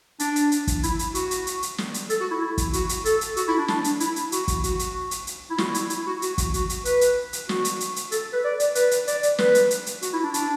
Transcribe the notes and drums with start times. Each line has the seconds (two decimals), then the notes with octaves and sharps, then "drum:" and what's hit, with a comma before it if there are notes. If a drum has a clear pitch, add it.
0.20 D4, drum: hi-hat
0.36 drum: hi-hat
0.52 drum: hi-hat
0.67 drum: kick, hi-hat
0.83 E4, drum: hi-hat
0.99 drum: hi-hat
1.15 F#4, drum: hi-hat
1.31 drum: hi-hat
1.47 drum: hi-hat
1.62 drum: hi-hat
1.78 drum: snare
1.94 drum: hi-hat
2.10 A4, drum: hi-hat
2.20 F#4
2.31 E4
2.41 E4
2.58 drum: kick, hi-hat
2.73 F#4, drum: hi-hat
2.89 drum: hi-hat
3.05 A4, drum: hi-hat
3.21 drum: hi-hat
3.37 F#4, drum: hi-hat
3.48 E4
3.58 D4
3.68 D4, drum: snare
3.84 drum: hi-hat
4.00 E4, drum: hi-hat
4.16 drum: hi-hat
4.32 F#4, drum: hi-hat
4.48 drum: kick, hi-hat
4.64 F#4, drum: hi-hat
4.79 drum: hi-hat
5.11 drum: hi-hat
5.27 drum: hi-hat
5.50 E4
5.58 F#4, drum: snare
5.74 E4, drum: hi-hat
5.90 E4, drum: hi-hat
6.07 F#4
6.22 F#4, drum: hi-hat
6.38 drum: kick, hi-hat
6.54 F#4, drum: hi-hat
6.69 drum: hi-hat
6.85 B4, drum: hi-hat
7.01 drum: hi-hat
7.33 drum: hi-hat
7.49 F#4, drum: snare
7.65 drum: hi-hat
7.80 drum: hi-hat
7.96 drum: hi-hat
8.12 A4, drum: hi-hat
8.33 B4
8.44 D5
8.60 drum: hi-hat
8.75 B4, drum: hi-hat
8.91 drum: hi-hat
9.07 D5, drum: hi-hat
9.23 drum: hi-hat
9.38 B4, drum: snare
9.55 drum: hi-hat
9.71 drum: hi-hat
9.86 drum: hi-hat
10.02 F#4, drum: hi-hat
10.13 E4
10.23 D4
10.34 D4, drum: hi-hat